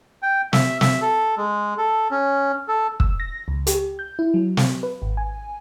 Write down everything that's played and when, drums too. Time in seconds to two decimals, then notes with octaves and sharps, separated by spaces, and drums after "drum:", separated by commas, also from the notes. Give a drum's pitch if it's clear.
0.22 G5
0.53 E5, drum: snare
0.81 E5, drum: snare
1.02 A4
1.38 G#3
1.78 A4
2.11 C#4
2.68 A4
3.00 E6, drum: kick
3.20 A#6
3.48 C#2
3.67 G4, drum: hi-hat
3.99 G6
4.19 E4
4.34 F#3
4.57 drum: snare
4.83 B4
5.02 G#1
5.17 G#5